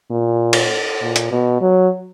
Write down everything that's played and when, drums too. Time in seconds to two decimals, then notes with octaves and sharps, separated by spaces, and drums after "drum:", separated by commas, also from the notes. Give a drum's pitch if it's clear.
0.10 A#2
0.53 drum: cymbal
1.02 A#2
1.16 drum: hi-hat
1.31 B2
1.61 F#3